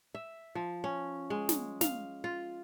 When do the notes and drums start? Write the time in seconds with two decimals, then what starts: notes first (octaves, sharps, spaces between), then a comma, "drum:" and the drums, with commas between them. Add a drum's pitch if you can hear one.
0.15 E5
0.55 F3
0.84 C#4
1.30 G#3
1.49 drum: snare
1.81 F5, drum: snare
2.24 F4